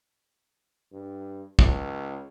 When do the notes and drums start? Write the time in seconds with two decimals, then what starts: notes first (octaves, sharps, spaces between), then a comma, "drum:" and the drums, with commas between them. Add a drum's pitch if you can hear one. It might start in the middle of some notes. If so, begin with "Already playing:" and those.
0.92 G2
1.59 C#2, drum: kick